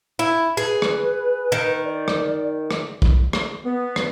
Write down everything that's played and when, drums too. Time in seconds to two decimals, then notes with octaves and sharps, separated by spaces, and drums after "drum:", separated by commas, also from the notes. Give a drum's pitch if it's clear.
0.19 E4
0.57 G#4 B4
0.82 drum: rim click
1.52 D#3
1.84 D5
2.08 drum: rim click
2.71 drum: rim click
3.02 drum: kick
3.33 drum: rim click
3.65 B3
3.96 drum: rim click